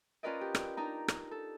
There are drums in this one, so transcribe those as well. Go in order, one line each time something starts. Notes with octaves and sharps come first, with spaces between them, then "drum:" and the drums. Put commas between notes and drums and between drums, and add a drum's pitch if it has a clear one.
C#4 F4 A#4 B4 D5 D#5
G4
drum: rim click
D4 D#4 A#5
drum: rim click
A4